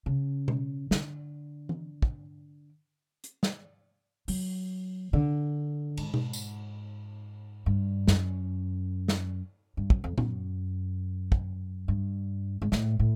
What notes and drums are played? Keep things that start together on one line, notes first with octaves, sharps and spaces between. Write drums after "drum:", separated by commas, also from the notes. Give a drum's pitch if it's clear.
C#3
drum: tom B2
D3, drum: snare
drum: tom E3
drum: kick
drum: hi-hat
drum: snare
F#3, drum: open hi-hat
D3
G#2, drum: cymbal
drum: tom B2
drum: tambourine
G2
F#2, drum: snare
drum: snare
G2
F#2, drum: kick
F2
F#2, drum: tom A#2
drum: kick
G2
G#2
A2, drum: snare
A2